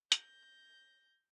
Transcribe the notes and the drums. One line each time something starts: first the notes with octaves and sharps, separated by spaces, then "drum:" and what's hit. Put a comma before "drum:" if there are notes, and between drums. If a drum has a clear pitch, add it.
G6 A#6, drum: hi-hat